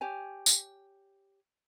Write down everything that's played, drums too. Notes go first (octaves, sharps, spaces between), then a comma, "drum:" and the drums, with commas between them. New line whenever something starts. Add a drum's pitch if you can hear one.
G4 C#5 G#5
drum: tambourine